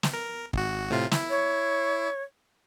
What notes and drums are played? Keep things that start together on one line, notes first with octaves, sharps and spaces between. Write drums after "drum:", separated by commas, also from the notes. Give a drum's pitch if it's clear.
drum: snare
A#4
G#1 F#4, drum: kick
A2 C3 F4
E4, drum: snare
C#5